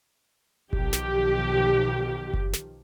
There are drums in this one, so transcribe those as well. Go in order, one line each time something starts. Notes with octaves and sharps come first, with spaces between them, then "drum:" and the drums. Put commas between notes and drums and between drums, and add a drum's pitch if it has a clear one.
B1 D#3 F3 G4, drum: kick F#1
drum: snare
drum: kick F#1
drum: snare